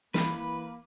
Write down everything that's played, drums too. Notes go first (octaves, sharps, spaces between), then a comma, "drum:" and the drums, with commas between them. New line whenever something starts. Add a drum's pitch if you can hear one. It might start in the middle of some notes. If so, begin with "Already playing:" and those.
E3 A#3 B4 B5, drum: snare